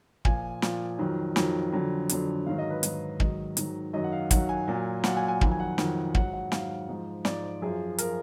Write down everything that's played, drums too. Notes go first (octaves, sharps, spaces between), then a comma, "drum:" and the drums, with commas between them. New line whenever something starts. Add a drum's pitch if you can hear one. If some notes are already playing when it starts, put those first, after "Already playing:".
A#2 F3 G#5, drum: kick
A#2 F3, drum: snare
F2 D#3 F#3
F2 D#3 F#3, drum: snare
F2 D3 F#3
F2 D3 F#3, drum: hi-hat
G#2 D#3 F#3 F5
D#5
B4
G#2 D#3 F#3, drum: hi-hat
G#2 D#3 F#3 D#5, drum: kick
G#2 D#3 F#3, drum: hi-hat
F#2 D#3 F#3 D#5
F#5
F5
F#2 D#3 F#3 F#5, drum: kick, hi-hat
G#5
A#2 F#3
A#2 F#3 F#5, drum: snare
G#5
G#5
F2 D#3 F#3, drum: kick
G#5
F#5
F2 D#3 F#3, drum: snare
G#2 F#3 F#5, drum: kick
F#5
G#2 F#3 F5, drum: snare
G#2 F3
G#2 F3 D5, drum: snare
F#2 F3 G#4
F3 A#4, drum: hi-hat